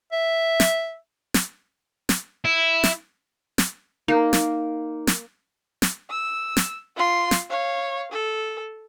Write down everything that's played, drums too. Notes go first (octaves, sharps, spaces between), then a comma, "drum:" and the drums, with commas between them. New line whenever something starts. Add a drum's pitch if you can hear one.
E5
drum: snare
drum: snare
drum: snare
E4
drum: snare
drum: snare
A#3 D#4
drum: snare
drum: snare
drum: snare
E6
drum: snare
F4 C6
drum: snare
C#5 F5
A4